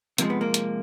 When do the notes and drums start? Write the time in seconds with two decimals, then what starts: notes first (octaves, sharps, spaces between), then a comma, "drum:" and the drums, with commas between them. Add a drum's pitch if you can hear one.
0.18 C3 F3 G#3 A#3, drum: hi-hat
0.30 B3
0.41 A#3
0.54 drum: hi-hat